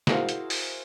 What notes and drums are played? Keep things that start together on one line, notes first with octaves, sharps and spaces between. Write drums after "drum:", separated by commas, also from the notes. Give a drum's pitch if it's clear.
E4 F#4 G#4 A#4 C5 F5, drum: snare
drum: hi-hat
drum: open hi-hat